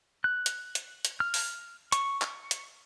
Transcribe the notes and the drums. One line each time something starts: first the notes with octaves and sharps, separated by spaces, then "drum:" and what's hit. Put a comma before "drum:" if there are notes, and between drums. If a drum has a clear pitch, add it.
F#6
drum: hi-hat
drum: hi-hat
drum: hi-hat
F6
drum: open hi-hat
C#6, drum: hi-hat
drum: clap
drum: hi-hat